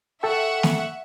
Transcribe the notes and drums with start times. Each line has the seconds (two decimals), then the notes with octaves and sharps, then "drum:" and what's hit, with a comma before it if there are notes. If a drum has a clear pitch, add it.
0.23 A4 E5 F#5 G5 C#6
0.63 drum: snare